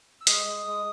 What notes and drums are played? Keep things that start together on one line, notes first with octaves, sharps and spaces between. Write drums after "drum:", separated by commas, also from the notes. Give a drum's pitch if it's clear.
E6
G#3 D#6, drum: hi-hat
G#3
G#3